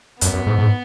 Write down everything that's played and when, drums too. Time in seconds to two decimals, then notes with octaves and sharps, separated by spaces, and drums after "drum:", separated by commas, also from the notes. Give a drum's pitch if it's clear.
0.21 F#2 B3, drum: hi-hat
0.34 F#2
0.47 G#2
0.59 G#2